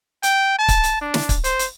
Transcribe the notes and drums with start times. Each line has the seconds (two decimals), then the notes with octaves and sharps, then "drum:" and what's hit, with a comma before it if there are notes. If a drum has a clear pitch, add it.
0.23 G5, drum: hi-hat
0.58 A5
0.68 drum: kick, hi-hat
0.84 drum: hi-hat
1.01 D4
1.14 drum: snare
1.29 drum: kick, hi-hat
1.44 C5, drum: hi-hat
1.59 drum: hi-hat